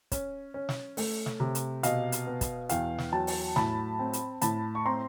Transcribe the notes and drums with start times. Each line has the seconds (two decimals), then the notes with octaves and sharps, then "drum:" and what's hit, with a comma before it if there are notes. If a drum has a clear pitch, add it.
0.12 C#4, drum: kick, hi-hat
0.54 C#4
0.69 drum: snare
0.97 A3, drum: open hi-hat
1.26 drum: snare
1.40 C3
1.55 drum: hi-hat
1.83 B2 D#5 F5, drum: hi-hat
2.12 drum: hi-hat
2.27 B3
2.41 drum: kick, hi-hat
2.69 E2 F5 G5, drum: hi-hat
2.98 drum: snare
3.12 F#3 G5 A5
3.27 drum: open hi-hat
3.56 A2 A5 B5, drum: snare
3.99 C4
4.13 drum: hi-hat
4.41 A2 A5 B5, drum: hi-hat
4.75 C#6
4.86 C4 A#5 C6